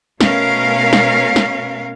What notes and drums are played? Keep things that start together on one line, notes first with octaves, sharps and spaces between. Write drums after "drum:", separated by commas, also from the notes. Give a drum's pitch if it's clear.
B2 A3 C#4 A#4 F5, drum: snare
drum: snare
drum: snare